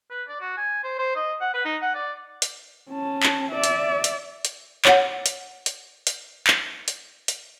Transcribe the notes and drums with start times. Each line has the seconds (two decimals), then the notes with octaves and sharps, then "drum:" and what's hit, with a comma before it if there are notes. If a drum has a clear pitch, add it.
0.11 B4
0.28 D5
0.41 F#4
0.57 G#5
0.84 C5
0.99 C5
1.16 D#5
1.41 F#5
1.54 B4
1.65 D#4
1.82 F#5
1.95 D5
2.42 drum: hi-hat
2.90 C#4 A5
3.23 drum: clap
3.52 D5 E5
3.64 drum: hi-hat
4.04 drum: hi-hat
4.45 drum: hi-hat
4.85 C#5 F#5, drum: clap
5.26 drum: hi-hat
5.66 drum: hi-hat
6.07 drum: hi-hat
6.47 drum: clap
6.88 drum: hi-hat
7.28 drum: hi-hat